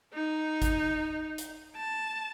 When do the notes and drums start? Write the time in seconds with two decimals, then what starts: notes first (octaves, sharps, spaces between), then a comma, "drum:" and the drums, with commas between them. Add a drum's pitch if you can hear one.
0.14 D#4
0.62 drum: kick G#1, hi-hat
1.38 drum: hi-hat
1.77 A5